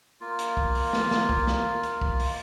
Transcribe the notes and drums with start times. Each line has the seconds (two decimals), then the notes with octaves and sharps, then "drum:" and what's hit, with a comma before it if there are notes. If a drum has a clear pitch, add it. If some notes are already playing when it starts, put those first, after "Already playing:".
0.21 A#3 F4
0.39 drum: hi-hat
0.57 drum: kick
0.75 drum: open hi-hat
0.93 drum: snare
1.11 drum: snare
1.29 drum: kick
1.47 drum: snare
1.83 drum: hi-hat
2.02 drum: kick
2.20 drum: open hi-hat